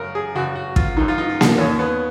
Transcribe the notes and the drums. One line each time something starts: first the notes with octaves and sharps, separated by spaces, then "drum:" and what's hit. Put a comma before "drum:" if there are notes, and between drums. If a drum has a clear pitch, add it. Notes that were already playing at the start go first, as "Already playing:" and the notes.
Already playing: F#2 C#3 A#4
G#4
F#2 C#3 F#4
F#4
F4, drum: kick
F#2 D#3 D#4
F4
D#4
F4
D#4, drum: snare A#3
D#2 D#3 C#4
B3